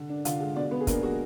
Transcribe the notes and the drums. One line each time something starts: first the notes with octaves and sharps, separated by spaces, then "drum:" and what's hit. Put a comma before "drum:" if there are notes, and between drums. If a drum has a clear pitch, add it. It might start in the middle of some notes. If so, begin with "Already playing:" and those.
Already playing: D3
D4
D3 F4 F5, drum: hi-hat
G#3
B2 D4 D5
B3 B4
G#4
A#3 D4 A#4, drum: kick, hi-hat
G#3 F#4